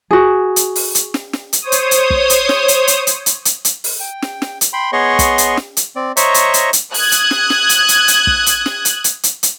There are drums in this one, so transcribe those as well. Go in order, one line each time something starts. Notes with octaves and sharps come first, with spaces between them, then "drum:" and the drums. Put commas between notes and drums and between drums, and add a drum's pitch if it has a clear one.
F#4 G#4
drum: hi-hat
drum: open hi-hat
drum: hi-hat
drum: snare
drum: snare
drum: hi-hat
C5 C#5 D#6
drum: hi-hat
drum: hi-hat
drum: kick
drum: hi-hat
drum: snare
drum: hi-hat
drum: hi-hat
drum: hi-hat
drum: hi-hat
drum: hi-hat
drum: hi-hat
drum: open hi-hat
G5
drum: snare
drum: snare
drum: hi-hat
G5 B5 C6
B3 G#4 C#5 D#5 C6 C#6
drum: kick, hi-hat
drum: hi-hat
drum: snare
drum: hi-hat
C4 D5
C5 C#5 D#5 E5 A#5 C#6, drum: hi-hat
drum: hi-hat
drum: hi-hat
drum: hi-hat
D#6 F#6 G#6, drum: open hi-hat
drum: hi-hat
drum: snare
drum: snare
drum: hi-hat
drum: hi-hat
drum: hi-hat
drum: kick
drum: hi-hat
drum: snare
drum: hi-hat
drum: hi-hat
drum: hi-hat
drum: hi-hat